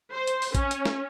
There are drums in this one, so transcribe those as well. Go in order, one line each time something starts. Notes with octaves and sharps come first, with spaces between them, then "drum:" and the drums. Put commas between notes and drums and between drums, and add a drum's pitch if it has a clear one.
C5
drum: hi-hat
drum: open hi-hat
C#4, drum: kick A#1, hi-hat
drum: hi-hat
drum: snare